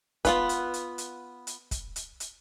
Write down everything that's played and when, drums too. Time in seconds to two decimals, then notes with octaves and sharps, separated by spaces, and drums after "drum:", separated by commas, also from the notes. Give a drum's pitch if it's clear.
0.25 B3 F4 B4, drum: kick, hi-hat
0.49 drum: hi-hat
0.74 drum: hi-hat
0.98 drum: hi-hat
1.47 drum: hi-hat
1.71 drum: kick, hi-hat
1.96 drum: hi-hat
2.20 drum: hi-hat